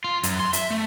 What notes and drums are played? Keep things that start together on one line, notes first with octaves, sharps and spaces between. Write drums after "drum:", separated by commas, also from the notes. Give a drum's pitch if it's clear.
F4
F#2, drum: hi-hat
C6
E5, drum: hi-hat
A3